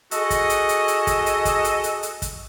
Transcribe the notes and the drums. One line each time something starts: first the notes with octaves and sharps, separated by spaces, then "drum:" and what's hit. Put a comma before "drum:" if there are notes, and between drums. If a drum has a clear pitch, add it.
F#4 G#4 A4 D#5, drum: hi-hat
drum: kick, hi-hat
drum: hi-hat
drum: hi-hat
drum: hi-hat
drum: kick, hi-hat
drum: hi-hat
drum: kick, hi-hat
drum: hi-hat
drum: hi-hat
drum: hi-hat
drum: kick, hi-hat